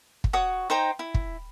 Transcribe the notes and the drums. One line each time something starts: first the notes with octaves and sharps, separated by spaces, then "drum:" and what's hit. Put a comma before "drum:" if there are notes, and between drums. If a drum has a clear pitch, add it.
drum: kick
F#4 C#5 D#6
D#4 C5 G5 A#5
E4
drum: kick